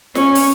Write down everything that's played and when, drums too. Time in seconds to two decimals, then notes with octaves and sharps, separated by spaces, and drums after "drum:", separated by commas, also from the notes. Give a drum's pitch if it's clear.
0.15 C#4, drum: snare
0.35 drum: open hi-hat